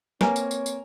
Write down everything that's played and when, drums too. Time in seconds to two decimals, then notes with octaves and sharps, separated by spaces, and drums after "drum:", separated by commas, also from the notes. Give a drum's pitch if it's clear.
0.21 A#3 C4 B4 C#5 G#5 A#5, drum: snare
0.36 drum: tambourine
0.51 drum: tambourine
0.66 drum: tambourine